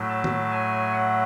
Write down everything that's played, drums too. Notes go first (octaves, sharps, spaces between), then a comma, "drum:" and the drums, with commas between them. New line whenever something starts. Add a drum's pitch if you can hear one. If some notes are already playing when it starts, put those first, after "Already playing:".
Already playing: A2 F#3 A3
A5
drum: tom D#3
G#5
F#5